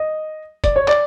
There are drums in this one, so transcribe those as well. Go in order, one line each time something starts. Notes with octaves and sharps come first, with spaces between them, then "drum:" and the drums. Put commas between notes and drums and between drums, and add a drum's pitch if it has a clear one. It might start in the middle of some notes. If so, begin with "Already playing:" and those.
Already playing: D#5
D5, drum: kick, hi-hat
C#5
D5, drum: clap